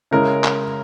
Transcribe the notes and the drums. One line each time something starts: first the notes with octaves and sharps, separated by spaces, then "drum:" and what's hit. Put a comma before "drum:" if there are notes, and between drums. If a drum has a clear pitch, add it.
C#3 G#3 C#4 E4 A#4
drum: clap